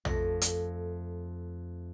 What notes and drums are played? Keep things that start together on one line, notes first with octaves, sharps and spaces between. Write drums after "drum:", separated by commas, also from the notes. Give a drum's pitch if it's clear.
F2 A3 A#6, drum: tom A#1
drum: hi-hat